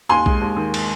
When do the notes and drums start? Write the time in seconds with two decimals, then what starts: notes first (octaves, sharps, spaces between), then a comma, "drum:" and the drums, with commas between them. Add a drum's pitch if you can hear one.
0.09 D#2 G#5 C6
0.26 G#3, drum: kick B1
0.41 D#2
0.57 D#3
0.74 drum: cymbal